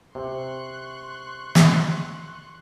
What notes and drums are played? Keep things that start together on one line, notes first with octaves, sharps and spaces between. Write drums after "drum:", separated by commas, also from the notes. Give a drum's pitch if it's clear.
C3 C6 C#6 F#6
drum: snare